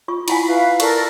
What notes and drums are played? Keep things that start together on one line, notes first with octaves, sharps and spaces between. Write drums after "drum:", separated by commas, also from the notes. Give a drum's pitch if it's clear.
F4 C#6
E4 F#5 G#5 B5, drum: cymbal
B4 E5 F5
A4 A#4 D5 C#6, drum: cymbal